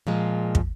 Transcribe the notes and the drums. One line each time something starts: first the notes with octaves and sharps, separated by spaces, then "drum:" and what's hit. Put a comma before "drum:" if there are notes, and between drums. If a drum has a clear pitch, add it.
A#2 F3 G#3
drum: kick